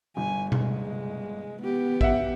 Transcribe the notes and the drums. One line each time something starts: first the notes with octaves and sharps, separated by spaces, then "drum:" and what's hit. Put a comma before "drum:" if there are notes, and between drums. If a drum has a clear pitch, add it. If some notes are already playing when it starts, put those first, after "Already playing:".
G1 G#5
G#3, drum: tom B2
B3 G4
E5 F#5, drum: kick